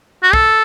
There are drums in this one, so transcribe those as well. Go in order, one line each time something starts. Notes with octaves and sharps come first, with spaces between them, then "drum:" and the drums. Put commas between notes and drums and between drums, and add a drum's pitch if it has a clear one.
F#4
A4, drum: kick